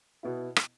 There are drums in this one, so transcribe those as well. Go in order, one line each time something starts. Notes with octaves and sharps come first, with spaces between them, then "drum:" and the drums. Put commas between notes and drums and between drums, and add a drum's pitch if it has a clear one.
B2 B3 E4
drum: rim click